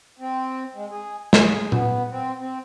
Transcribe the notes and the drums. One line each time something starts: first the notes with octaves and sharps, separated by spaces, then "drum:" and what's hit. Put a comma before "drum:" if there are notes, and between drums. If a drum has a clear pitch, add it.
C4
G#3
G#4
G#4, drum: snare
B3, drum: tom A#2
C4
C4